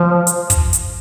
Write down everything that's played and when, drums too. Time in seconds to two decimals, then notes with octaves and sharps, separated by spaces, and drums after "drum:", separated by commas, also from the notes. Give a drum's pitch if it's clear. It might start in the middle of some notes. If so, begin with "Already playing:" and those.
Already playing: F3
0.27 drum: hi-hat
0.50 drum: kick, hi-hat
0.73 drum: hi-hat